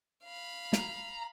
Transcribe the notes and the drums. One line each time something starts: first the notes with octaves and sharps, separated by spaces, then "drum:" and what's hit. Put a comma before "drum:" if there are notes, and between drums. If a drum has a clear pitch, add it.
F5 B5
A#5, drum: snare